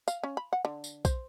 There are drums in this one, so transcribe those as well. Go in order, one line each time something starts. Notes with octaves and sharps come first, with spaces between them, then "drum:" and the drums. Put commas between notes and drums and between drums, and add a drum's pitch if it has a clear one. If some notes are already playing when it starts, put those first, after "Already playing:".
F5, drum: tambourine
C#4
B5
F#5
D3
drum: tambourine
C5, drum: kick, tambourine